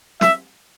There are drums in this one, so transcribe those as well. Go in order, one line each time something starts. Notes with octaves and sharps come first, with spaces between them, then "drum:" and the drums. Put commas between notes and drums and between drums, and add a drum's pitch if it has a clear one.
E5, drum: snare